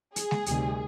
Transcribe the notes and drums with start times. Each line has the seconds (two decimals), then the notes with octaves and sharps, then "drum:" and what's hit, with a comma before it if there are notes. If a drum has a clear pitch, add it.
0.16 G#4, drum: hi-hat
0.31 drum: snare G#3
0.46 D2 C3 D#3 G3, drum: hi-hat